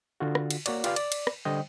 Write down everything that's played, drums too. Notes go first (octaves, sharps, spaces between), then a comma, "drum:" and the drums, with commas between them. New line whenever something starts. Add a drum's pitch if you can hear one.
D3 F4 F#4
drum: rim click
drum: cymbal
A#3 F#4 C#5 D5, drum: cymbal
F4 G4 B4 D5 F5, drum: cymbal
D5, drum: cymbal
drum: cymbal
drum: rim click
D3 G3 C5 D#5 G5